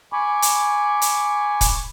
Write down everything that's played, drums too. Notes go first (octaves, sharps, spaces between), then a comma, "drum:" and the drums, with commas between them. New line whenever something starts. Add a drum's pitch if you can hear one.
G#5 B5 C#6 D6
drum: hi-hat
drum: hi-hat
drum: kick, hi-hat